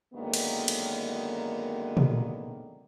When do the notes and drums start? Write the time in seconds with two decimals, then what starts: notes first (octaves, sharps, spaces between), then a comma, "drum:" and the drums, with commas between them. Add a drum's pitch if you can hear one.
0.14 F#2 D3 D#3 G#3 A#3 B3
0.34 drum: cymbal
0.68 drum: cymbal
1.97 drum: tom